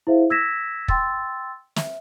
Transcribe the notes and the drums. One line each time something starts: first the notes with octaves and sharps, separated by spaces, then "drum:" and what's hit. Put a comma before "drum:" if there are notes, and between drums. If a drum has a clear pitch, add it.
E4 G#4 C5 E5 F5
E6 G#6 A#6 B6 E7
G5 C6 E6 A6, drum: kick
E5, drum: snare